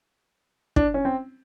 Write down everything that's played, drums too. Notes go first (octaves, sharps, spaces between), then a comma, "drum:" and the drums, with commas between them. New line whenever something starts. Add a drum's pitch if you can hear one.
D4, drum: kick
C#4
C4